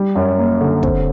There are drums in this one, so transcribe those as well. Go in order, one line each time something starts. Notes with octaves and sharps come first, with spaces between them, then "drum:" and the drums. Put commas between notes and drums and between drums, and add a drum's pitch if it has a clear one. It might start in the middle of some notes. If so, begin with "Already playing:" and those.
Already playing: G3
F#2
A#3
D3
C4, drum: kick